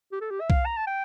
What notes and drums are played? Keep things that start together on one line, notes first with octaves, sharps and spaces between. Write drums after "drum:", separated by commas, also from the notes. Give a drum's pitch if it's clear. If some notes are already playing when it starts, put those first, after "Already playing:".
G4
A4
G4
E5
F5, drum: kick B1
A#5
A5
G5